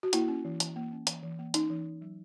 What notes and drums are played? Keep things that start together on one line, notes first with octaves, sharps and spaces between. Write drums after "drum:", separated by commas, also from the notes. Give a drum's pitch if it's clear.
F#4
A#3 E4, drum: hi-hat
C#4
E3
E3, drum: hi-hat
A#3
C#4
E3, drum: hi-hat
E3
A#3
C#4 D#4, drum: hi-hat
E3
E3
F#3